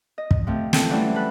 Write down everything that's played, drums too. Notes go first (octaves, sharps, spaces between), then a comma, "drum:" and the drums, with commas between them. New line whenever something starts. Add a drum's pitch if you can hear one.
D#5
drum: kick
C3 F3 A3
C4 A4, drum: snare
E3 F#3 G3 A3 C#4 E4
A4 B4 B5 F#6